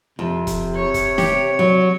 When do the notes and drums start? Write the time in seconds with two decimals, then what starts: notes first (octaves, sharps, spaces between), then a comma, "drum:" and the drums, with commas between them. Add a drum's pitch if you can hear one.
0.19 F2 C3
0.47 drum: kick, hi-hat
0.75 C#5
0.94 drum: kick, hi-hat
1.18 G4, drum: snare
1.59 F#3